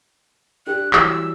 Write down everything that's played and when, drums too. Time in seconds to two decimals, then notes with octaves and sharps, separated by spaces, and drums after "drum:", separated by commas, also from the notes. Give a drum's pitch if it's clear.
0.67 D4 G4 D5 F#6
0.93 E3 F#3 G3 E6, drum: clap